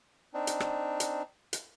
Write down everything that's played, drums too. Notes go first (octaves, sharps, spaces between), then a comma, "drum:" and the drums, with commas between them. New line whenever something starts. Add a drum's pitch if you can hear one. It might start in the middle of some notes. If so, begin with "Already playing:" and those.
C4 D4 D#4
drum: hi-hat
drum: rim click
drum: hi-hat
drum: hi-hat